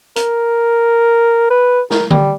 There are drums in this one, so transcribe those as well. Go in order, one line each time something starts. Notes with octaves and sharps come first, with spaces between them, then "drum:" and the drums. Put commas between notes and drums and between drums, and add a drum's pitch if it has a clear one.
A#4, drum: hi-hat
B4
A#4, drum: snare
G3, drum: tom D3